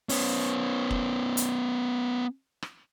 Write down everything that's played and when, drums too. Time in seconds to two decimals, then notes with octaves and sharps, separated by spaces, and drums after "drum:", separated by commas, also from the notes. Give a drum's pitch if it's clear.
0.09 B3 C#4, drum: open hi-hat
0.90 drum: kick
1.37 drum: hi-hat
2.62 drum: rim click